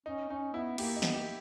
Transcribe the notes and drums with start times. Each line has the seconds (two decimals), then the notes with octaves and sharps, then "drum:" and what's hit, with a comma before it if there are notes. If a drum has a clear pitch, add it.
0.06 C#4 D#4
0.29 C#4 D#4
0.53 B3 E4
0.78 A#3 G4, drum: cymbal
0.96 D#4
1.02 B3, drum: snare
1.14 A#3 G4